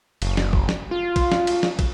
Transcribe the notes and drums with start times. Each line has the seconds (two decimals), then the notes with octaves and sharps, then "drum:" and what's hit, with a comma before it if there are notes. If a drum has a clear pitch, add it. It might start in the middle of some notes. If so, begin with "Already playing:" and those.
0.22 F#1, drum: cymbal
0.37 drum: snare
0.53 drum: kick
0.69 drum: snare
0.91 F4
1.16 drum: kick, cymbal
1.32 drum: snare
1.47 drum: cymbal
1.63 drum: snare
1.79 drum: kick, cymbal